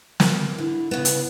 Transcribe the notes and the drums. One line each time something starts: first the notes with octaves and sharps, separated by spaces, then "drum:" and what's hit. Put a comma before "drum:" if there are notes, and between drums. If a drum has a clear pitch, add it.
A#3, drum: snare
D3 E4
C#3 B3
drum: hi-hat